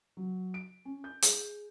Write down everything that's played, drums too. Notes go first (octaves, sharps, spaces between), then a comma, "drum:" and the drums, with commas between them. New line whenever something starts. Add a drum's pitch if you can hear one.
F#3
D7
C#4
G6
G#4, drum: hi-hat